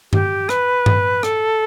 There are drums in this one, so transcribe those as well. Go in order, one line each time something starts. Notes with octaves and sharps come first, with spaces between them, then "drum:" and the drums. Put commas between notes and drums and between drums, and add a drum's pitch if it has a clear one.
G4, drum: tom G2
B4, drum: rim click
drum: tom G2
A4, drum: rim click